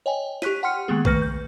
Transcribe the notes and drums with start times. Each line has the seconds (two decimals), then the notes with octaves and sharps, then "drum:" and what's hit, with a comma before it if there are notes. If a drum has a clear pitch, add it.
0.06 C#5 D#5 G5 G#5
0.42 G4 C#6 F#6 B6 D#7, drum: snare
0.63 F#5 G5 C6 F6 C#7
0.88 D#3 G#3 A#3 B3 G#4
1.05 D#3 A3 B4 F6 A#6 C#7, drum: kick B1
1.22 G6